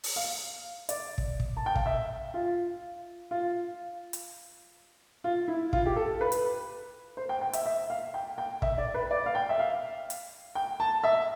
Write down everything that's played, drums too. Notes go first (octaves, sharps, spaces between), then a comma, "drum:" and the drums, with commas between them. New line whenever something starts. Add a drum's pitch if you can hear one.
drum: open hi-hat
F5
D5, drum: hi-hat
drum: kick
drum: kick
A5
G5
F5, drum: kick
E5
F4
F4
drum: hi-hat
F4
E4
F4, drum: kick
G4
A4
B4
drum: hi-hat
C5
G5
G5
E5, drum: hi-hat
E5
F5
G5
G5
E5, drum: kick
D5
B4
D5
F5
G5
E5
F5
drum: hi-hat
G5
A5
E5